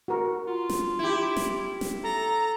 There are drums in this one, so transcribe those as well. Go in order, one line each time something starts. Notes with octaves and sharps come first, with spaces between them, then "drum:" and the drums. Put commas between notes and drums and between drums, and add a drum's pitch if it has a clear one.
F#4 A#4
F4
drum: snare
E4 G4
drum: snare
drum: snare
A4 A#5